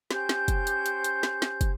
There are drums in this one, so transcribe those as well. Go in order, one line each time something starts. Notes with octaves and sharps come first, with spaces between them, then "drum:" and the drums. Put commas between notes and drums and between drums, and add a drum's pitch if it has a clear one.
C#4 G4 C5 G6, drum: snare
drum: snare
drum: kick, hi-hat
drum: hi-hat
drum: hi-hat
drum: hi-hat
drum: snare
drum: snare
drum: kick, hi-hat